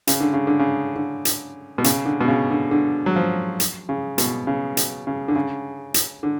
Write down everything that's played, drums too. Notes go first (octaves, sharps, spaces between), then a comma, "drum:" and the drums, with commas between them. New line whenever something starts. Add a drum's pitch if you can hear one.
C#3, drum: hi-hat
D3
C#3
D3
C#3
D3
drum: hi-hat
B2
C#3, drum: hi-hat
D3
B2
C#3
D3
D3
F#3
F3
drum: hi-hat
C#3
B2, drum: hi-hat
C#3
drum: hi-hat
C#3
D3
C#3
drum: hi-hat
D3